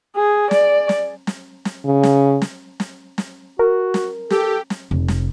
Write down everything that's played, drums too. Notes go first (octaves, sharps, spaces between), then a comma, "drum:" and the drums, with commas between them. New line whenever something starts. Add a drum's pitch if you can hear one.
G#4
D5, drum: snare
drum: snare
drum: snare
drum: snare
C#3
drum: snare
drum: snare
drum: snare
drum: snare
F#4 A#4
drum: snare
G4 A4, drum: snare
drum: snare
F1
drum: snare